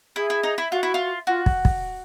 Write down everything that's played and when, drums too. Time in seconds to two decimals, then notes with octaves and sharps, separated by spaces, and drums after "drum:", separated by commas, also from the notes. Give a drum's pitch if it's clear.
0.16 E4 G#4
0.30 E4
0.43 D#4
0.58 E4
0.72 F4 F#4
0.83 E4
0.94 F4
1.27 F4 F#4
1.46 drum: kick
1.65 drum: kick